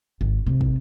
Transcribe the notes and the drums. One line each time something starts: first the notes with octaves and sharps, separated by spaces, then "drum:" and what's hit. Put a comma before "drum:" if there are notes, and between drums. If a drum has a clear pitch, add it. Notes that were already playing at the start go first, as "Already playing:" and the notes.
G#1
C3
drum: kick